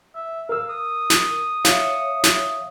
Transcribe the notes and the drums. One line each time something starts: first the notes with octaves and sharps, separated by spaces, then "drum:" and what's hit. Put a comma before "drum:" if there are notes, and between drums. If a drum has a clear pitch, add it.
E5
A#4 F5 E6
D#6
drum: snare
C#5 E5 F5, drum: snare
drum: snare